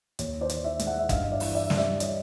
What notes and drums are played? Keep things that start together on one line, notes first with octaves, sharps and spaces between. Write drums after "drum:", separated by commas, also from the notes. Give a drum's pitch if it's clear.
D#2 C#5, drum: hi-hat
C5 D5
D#3, drum: hi-hat
D5 E5
G#3, drum: hi-hat
E5 F#5
E5
G2 D#5 F5, drum: kick, hi-hat
D5 E5
E3, drum: open hi-hat
D5 E5
G3, drum: snare
D5 E5
C#5 D#5, drum: hi-hat